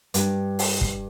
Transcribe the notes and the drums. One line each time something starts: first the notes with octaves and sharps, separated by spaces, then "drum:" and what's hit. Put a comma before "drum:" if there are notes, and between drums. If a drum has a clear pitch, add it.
G2, drum: hi-hat
drum: open hi-hat
drum: kick